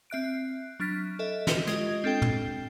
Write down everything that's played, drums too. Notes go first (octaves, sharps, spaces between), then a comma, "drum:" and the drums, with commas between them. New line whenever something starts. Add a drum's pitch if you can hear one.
C4 E5 F#6 D7
F#3 D4 F6 A6 B6
A4 D#5 E5
drum: snare
G#3 F4 G4 D#5, drum: hi-hat
C4 D4 A4 G5 G7
drum: tom